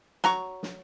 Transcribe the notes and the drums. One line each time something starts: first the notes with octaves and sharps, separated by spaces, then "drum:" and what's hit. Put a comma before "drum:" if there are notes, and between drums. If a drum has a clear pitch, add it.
F#3 A#5 C#6, drum: snare
drum: snare